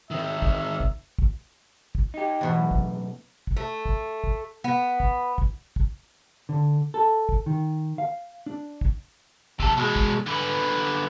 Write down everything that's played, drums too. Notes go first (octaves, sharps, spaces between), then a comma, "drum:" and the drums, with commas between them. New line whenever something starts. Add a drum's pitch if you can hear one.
D#3 C4 E5
drum: kick
drum: kick
drum: kick
drum: kick
D#4 G4
E2 B2 E3
F#2 A2
drum: kick
drum: kick
A3
drum: kick
drum: kick
B3
drum: kick
drum: kick
drum: kick
D3
A4
drum: kick
D#3
F5
D4
drum: kick
C3 A4, drum: kick
B2 G#3
drum: kick
D3 B4